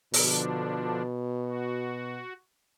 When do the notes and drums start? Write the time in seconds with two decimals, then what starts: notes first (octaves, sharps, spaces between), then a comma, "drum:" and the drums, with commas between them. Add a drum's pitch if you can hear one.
0.14 B2 D3 F3 D4, drum: open hi-hat
1.40 F#4